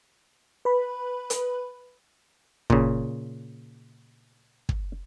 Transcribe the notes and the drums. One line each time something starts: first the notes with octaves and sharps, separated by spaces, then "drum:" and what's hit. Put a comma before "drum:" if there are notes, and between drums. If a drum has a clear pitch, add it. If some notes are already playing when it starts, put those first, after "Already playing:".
B4 B5
drum: hi-hat
A#2 C#3, drum: kick
drum: kick